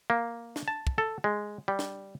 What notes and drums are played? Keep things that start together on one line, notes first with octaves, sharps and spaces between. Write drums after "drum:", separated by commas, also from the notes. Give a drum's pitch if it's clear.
A#3
drum: snare
A5
drum: kick
A4
G#3
G3
drum: snare